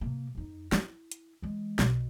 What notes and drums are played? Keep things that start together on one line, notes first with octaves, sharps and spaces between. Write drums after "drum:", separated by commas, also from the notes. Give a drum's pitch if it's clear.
C3 A#3
F2 D#4
E4, drum: snare
drum: hi-hat
E3 G#3
B1 B2, drum: snare